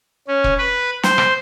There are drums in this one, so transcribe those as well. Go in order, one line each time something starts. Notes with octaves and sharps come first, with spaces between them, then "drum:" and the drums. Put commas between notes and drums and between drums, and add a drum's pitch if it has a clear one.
C#4
drum: kick
B4
C5, drum: snare
drum: rim click